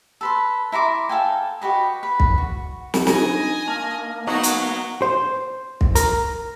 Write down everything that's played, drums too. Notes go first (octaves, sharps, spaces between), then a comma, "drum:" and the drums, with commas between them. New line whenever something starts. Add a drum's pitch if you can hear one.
A4 B4 C6
E4 A#5 C6 D6
A4 F5 G5 G#5
F#4 G4 B4 D#5
B4
drum: kick
F#4
drum: snare
D4 D#4 D#5 G#5, drum: snare
A#3 A5 F6
F#3 A#3 B3 D#4 F#4 F#5
drum: hi-hat
C5
drum: kick
A#4, drum: hi-hat